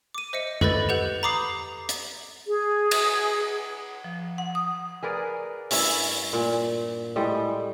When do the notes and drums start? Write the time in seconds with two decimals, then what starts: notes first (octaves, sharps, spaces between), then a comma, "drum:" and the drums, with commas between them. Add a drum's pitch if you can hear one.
0.15 D6 D#7
0.33 C5 D#5 E5 C#7
0.61 A4 B4 D#5 B5 G6 A6, drum: tom F2
0.89 G4 A4 B4 F#5 G6 F7
1.23 A#5 B5 D6 D#6 C7
1.89 drum: hi-hat
2.47 G#4
2.91 drum: cymbal
4.04 F3
4.38 F#5
4.55 D#6
5.03 G#4 A#4 B4 D5
5.71 G2 C#4 E4 E5, drum: open hi-hat
6.33 A#2
7.16 A2 G3 G#3